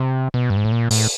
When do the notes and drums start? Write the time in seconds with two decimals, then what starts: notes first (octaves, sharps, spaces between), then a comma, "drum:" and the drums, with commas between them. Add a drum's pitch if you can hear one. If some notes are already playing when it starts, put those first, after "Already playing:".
Already playing: C3
0.34 B2
0.50 G2
0.57 G#2
0.65 A2
0.72 A#2
0.91 A2, drum: open hi-hat